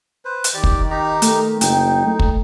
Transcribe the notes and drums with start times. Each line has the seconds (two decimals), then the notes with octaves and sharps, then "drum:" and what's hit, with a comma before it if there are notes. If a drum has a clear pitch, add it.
0.25 B4 C5
0.44 drum: hi-hat
0.54 D#3 G4 D5
0.64 drum: kick
0.90 D#4 G4 A#5
1.22 A3, drum: hi-hat
1.61 F#1 D#4 G5, drum: hi-hat
2.06 A3
2.19 drum: kick